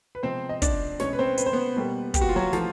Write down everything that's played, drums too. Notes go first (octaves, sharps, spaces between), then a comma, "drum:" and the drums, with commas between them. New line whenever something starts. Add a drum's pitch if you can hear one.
B4
C3 F3 G#3 B3 C4 C5
D#5
D4 D5, drum: kick, hi-hat
B2 G#3 B3 C#4 C#5, drum: snare
B4
C4 C5
B4, drum: hi-hat
C5
B3 B4
B2 G3 A#3
G4, drum: kick, hi-hat
F#4
F4
F#3 F#4
E3 F3 A3 F4, drum: snare